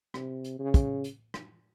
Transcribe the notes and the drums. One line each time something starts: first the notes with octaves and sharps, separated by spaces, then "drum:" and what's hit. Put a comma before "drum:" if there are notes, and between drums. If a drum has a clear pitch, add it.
C3, drum: rim click
drum: hi-hat
C#3
drum: kick, hi-hat
drum: hi-hat
drum: rim click